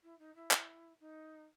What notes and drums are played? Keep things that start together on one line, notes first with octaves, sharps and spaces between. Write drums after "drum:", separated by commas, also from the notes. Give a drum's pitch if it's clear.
E4
D#4
E4
drum: clap
D#4